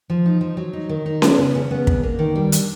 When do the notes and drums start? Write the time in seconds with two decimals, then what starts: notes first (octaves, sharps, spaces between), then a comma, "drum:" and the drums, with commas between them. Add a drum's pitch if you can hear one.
0.10 F3
0.26 D#4
0.41 F3
0.57 F#3
0.73 D#4
0.89 D#3
1.06 D#4
1.22 B3, drum: snare C#4
1.38 C#3
1.55 C#3
1.71 B3
1.87 D4, drum: kick
2.03 A#3
2.19 D#3
2.36 G3
2.52 D4, drum: hi-hat